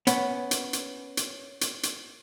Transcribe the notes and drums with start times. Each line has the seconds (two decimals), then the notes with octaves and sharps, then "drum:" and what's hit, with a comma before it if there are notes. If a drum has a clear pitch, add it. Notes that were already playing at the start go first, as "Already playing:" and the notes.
0.07 B3 C#4, drum: hi-hat
0.51 drum: hi-hat
0.73 drum: hi-hat
1.17 drum: hi-hat
1.61 drum: hi-hat
1.83 drum: hi-hat